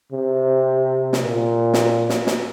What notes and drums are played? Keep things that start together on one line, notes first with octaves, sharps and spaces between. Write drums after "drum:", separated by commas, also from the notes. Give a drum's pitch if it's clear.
C3
drum: snare
A#2
drum: snare
drum: snare
drum: snare